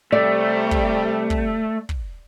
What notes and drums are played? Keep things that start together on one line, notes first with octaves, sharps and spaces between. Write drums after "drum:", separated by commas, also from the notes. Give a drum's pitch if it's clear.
C3 G3 A3 D5
drum: kick
drum: kick
drum: kick